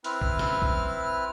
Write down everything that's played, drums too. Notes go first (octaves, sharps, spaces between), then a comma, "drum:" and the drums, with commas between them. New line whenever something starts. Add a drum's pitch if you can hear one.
C4 E4 B4 F6, drum: hi-hat
drum: kick A#1
drum: snare
drum: kick A#1